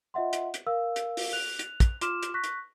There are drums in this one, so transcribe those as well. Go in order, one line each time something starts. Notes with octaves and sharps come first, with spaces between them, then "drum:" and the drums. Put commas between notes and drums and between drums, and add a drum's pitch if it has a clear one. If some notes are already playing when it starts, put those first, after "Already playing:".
F4 D#5 E5 F#5 C6
drum: hi-hat
drum: hi-hat
A#4 F5 E6
drum: hi-hat
drum: open hi-hat
F#6 F7
drum: hi-hat
drum: kick, hi-hat
F4 C6 D6 F6 E7, drum: hi-hat
drum: hi-hat
C#6 F#6 A#6 B6
drum: hi-hat